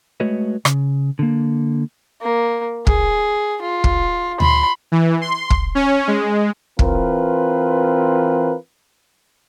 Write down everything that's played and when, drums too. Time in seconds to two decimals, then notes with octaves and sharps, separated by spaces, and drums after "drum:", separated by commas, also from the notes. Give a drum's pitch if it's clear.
0.20 G#3 A3 F#4 B4 C#5 D#5
0.65 C#3, drum: rim click
1.19 D3 A#3
2.22 A#3
2.87 G#4, drum: kick
3.62 F4
3.84 drum: kick
4.40 B5 C6, drum: tom D2
4.92 E3
5.21 C6
5.50 drum: kick
5.75 C#4
6.08 G#3
6.79 E3 C4 F4 A#4 B4, drum: kick